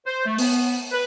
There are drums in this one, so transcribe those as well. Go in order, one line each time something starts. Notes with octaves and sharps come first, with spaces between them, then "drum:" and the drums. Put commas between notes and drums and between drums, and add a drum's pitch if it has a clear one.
C5
A3
B3, drum: open hi-hat
B4